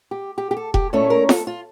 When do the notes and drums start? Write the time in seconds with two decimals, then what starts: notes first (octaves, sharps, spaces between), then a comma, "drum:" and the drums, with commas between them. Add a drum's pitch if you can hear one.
0.11 G4
0.38 G4
0.51 G4
0.57 A4
0.74 G4, drum: kick E1
0.93 A#2 A3 C#4 E4 A4
1.10 A#4
1.29 A4, drum: snare F4
1.47 F4